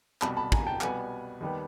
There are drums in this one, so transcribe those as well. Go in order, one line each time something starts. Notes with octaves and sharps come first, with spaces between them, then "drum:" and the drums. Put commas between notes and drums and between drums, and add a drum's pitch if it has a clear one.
C2 B2 G3 A5 B5, drum: clap
A5 B5
G#5 A#5, drum: kick
G5 A5
C2 B2 G3 B3 F#5 G#5, drum: clap
D#2 D#3 G3 B3